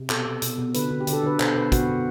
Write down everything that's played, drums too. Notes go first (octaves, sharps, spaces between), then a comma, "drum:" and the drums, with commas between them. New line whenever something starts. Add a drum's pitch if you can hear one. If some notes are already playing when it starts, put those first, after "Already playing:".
Already playing: C3
B2 A4, drum: clap
B2
B2, drum: hi-hat
B2
D3 B4, drum: hi-hat
D3
G4
D3, drum: hi-hat
A4
D3 B4
B2 C5, drum: clap
B2 B4
B2 F#4, drum: kick, hi-hat
B2